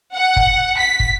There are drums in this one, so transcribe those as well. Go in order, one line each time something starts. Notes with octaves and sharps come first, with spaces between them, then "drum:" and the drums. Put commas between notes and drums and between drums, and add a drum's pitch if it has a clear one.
F#5
drum: kick
B6
drum: kick